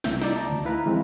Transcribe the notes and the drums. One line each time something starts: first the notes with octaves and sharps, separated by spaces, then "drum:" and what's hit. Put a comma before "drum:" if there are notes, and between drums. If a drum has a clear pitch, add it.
C2 E5 G6, drum: snare
D#4 D5, drum: snare
A5 A#5
D2
D#4 E4 B4 F5 A#5
E3 G#3 C4